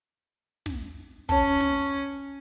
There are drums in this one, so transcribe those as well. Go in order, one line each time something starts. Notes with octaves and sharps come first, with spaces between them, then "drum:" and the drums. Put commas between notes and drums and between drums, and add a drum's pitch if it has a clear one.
drum: snare
C#4 C#5 A5, drum: kick
drum: snare